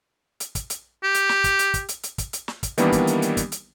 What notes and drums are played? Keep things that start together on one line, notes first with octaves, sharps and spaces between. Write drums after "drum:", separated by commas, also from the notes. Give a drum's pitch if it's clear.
drum: hi-hat
drum: kick, hi-hat
drum: hi-hat
G4
drum: hi-hat
drum: snare
drum: kick, hi-hat
drum: hi-hat
drum: kick, hi-hat
drum: hi-hat
drum: hi-hat
drum: kick, hi-hat
drum: hi-hat
drum: snare
drum: kick, hi-hat
D#3 E3 G3 A#3 B3 D4, drum: hi-hat
drum: kick, hi-hat
drum: hi-hat
drum: hi-hat
drum: kick, hi-hat
drum: hi-hat